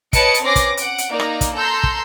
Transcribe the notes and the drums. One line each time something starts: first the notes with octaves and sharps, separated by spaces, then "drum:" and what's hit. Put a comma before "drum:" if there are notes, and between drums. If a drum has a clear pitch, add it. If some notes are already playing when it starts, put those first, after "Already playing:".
B4 C#5 D#5 A5 C#7 D7, drum: kick, hi-hat
drum: hi-hat
C4 C#4 B4 D6 A#6 C7
drum: kick, hi-hat
F#5 D7, drum: hi-hat
drum: hi-hat
A#3 D#4 D5 A#5
drum: rim click
drum: kick, hi-hat
A4 A#5 C6 E6 G6
drum: kick